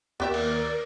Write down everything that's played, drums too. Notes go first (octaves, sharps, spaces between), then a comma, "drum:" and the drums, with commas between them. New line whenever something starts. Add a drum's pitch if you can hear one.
D#2 B3 G4 A#4 D5 E5
drum: cymbal